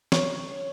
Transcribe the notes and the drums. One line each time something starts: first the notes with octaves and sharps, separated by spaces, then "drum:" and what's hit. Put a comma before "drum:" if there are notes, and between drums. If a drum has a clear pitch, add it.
C#5, drum: snare